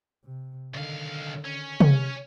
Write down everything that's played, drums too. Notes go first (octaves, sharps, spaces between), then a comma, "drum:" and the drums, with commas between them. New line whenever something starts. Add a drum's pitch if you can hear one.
C3
B1 D3 D#3 F5
C#4
drum: tom